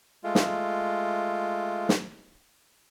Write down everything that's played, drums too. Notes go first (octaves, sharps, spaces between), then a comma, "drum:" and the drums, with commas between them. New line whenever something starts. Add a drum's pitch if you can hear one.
G#3 A3 F4
drum: snare
drum: snare